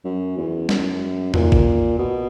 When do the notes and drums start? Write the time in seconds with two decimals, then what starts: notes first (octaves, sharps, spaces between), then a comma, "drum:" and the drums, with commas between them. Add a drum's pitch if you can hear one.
0.05 F#2
0.37 E2
0.69 F#2, drum: snare
1.34 A#2, drum: tom E2
1.52 drum: kick G#1
1.98 B2